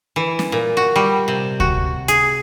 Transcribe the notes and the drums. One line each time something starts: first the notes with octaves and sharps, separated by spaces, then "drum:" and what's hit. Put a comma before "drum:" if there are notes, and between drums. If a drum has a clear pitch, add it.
E3
drum: snare
A#2
F#4
G3
C3
F#4, drum: kick D2
G#4, drum: hi-hat